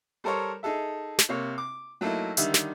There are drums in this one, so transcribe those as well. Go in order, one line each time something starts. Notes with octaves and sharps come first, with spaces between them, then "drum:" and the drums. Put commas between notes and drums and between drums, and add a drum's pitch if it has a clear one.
G3 A4 A#4 C5 C#5
D#4 G#4 A4 E5
drum: snare
C3 A#3 C#5
D6
F#3 A3 A#3 D#4 E4
D3 D#3 G3 E5, drum: hi-hat
drum: snare